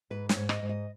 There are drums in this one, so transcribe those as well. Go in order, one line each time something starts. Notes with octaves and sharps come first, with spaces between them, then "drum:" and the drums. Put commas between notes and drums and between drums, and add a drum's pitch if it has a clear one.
G#2 B4
C#5, drum: snare
G#2
D#5, drum: rim click
G#2
D#5